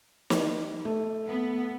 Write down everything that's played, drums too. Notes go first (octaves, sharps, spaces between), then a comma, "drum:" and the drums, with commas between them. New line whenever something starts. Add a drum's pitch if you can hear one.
drum: snare
A3
B3